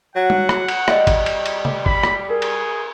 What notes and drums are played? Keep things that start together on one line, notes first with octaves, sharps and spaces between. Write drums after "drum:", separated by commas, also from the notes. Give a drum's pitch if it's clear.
F#3 F#5
drum: tom G3
drum: rim click
drum: cymbal
G3 D#5 E5, drum: rim click
drum: kick, cymbal
drum: cymbal
drum: cymbal
drum: tom
B5, drum: kick
drum: rim click
G#4 A#4
drum: cymbal